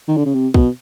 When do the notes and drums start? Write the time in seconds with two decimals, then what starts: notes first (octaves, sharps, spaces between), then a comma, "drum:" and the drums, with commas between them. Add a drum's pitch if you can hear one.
0.08 D#3
0.17 D3
0.25 C#3
0.34 C3
0.54 B2, drum: kick